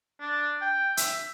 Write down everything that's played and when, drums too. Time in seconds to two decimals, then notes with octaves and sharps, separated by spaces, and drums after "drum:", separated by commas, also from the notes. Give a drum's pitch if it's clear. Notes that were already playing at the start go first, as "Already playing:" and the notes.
0.21 D4
0.61 G5
0.97 E5, drum: hi-hat